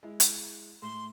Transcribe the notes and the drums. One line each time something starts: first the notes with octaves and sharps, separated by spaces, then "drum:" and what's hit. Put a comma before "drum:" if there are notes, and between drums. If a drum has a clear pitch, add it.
G#3 E4
drum: hi-hat
A2 C6